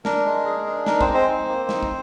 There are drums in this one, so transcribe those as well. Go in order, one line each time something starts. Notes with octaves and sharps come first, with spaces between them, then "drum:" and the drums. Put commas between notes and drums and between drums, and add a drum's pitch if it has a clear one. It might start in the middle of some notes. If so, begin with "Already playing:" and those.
D4 A#4, drum: snare
G#3
G#4
D4
D#4 A#4, drum: snare
C4 C5, drum: kick
G#3
C4 C5
D#4
A#3
D#4, drum: snare
drum: kick